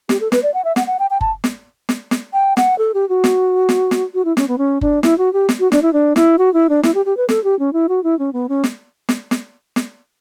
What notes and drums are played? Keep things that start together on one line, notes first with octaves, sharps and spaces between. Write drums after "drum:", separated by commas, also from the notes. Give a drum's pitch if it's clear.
G4, drum: snare
A4
B4, drum: snare
D5
F#5
E5
F#5, drum: snare
F#5
G5
G5
A5, drum: kick F#1
drum: snare
drum: snare
drum: snare
G5
F#5, drum: snare
A4
G4
F#4
drum: snare
drum: snare
drum: snare
F#4
E4
C#4, drum: snare
B3
C#4
D4, drum: kick F#1
E4, drum: snare
F#4
G4
drum: snare
F#4
D4, drum: snare
E4
D4
E4, drum: snare
F#4
E4
D4
E4, drum: snare
G4
G4
B4
A4, drum: snare
G4
C#4
E4
F#4
E4
C#4
B3
C#4
drum: snare
drum: snare
drum: snare
drum: snare